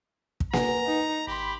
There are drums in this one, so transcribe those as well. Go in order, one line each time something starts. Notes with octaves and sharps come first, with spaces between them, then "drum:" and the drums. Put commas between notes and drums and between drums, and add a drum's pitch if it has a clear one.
drum: kick
B4 F#5 G#5 A#5, drum: snare A#3
D#4
G#1 G4 B5 C6